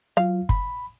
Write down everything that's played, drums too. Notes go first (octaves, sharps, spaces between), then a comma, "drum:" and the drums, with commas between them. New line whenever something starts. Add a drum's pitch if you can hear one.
F#3 F4 F5
B5, drum: kick G1